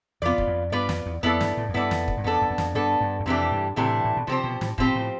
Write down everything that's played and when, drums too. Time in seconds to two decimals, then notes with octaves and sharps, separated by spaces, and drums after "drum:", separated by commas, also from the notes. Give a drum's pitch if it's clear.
0.22 F2 B3 F4 B4 D5
0.38 E2, drum: kick
0.47 F2
0.72 G2 B3 F4 B4 D5
0.89 F2, drum: snare
1.06 E2
1.23 F2 B3 E4 A4 D5
1.41 G2, drum: snare
1.57 A2
1.69 F2
1.74 G2 B3 E4 A4 D5
1.91 F2, drum: snare
2.08 drum: kick
2.17 G2
2.24 F2 B3 D4 A4
2.41 F2
2.50 E2
2.58 F2, drum: snare
2.75 G2 B3 D4 A4
3.01 G2
3.20 E2
3.26 F2 C3 E3 A3 D4 G4
3.51 G2
3.76 A2 C3 E3 A3 D4 G4
4.05 A2
4.17 B2
4.27 C3 F3 C4 G4 C5
4.44 B2
4.61 A2, drum: snare
4.78 A2 F3 C4 G4 C5, drum: kick
4.95 A2